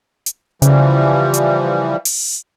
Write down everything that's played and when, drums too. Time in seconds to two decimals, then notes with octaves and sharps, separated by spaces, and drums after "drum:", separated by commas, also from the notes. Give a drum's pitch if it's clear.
0.26 drum: hi-hat
0.62 C#3 E3 F3 G3, drum: hi-hat
1.34 drum: hi-hat
2.05 drum: open hi-hat